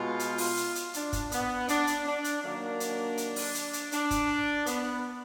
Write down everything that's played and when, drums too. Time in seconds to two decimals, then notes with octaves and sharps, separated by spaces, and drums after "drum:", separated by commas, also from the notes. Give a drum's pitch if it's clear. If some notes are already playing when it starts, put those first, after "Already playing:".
Already playing: B2 G#3 F4
0.19 drum: hi-hat
0.38 drum: open hi-hat
0.57 drum: hi-hat
0.75 drum: hi-hat
0.94 D4, drum: hi-hat
1.13 drum: kick F#1, hi-hat
1.32 B3, drum: hi-hat
1.68 D4, drum: hi-hat
1.87 drum: hi-hat
2.06 D4
2.24 drum: hi-hat
2.42 D#3 F#3 A#3 D4
2.80 drum: hi-hat
3.17 drum: hi-hat
3.36 drum: open hi-hat
3.55 drum: hi-hat
3.73 drum: hi-hat
3.92 D4, drum: hi-hat
4.11 drum: kick F#1, hi-hat
4.66 B3, drum: hi-hat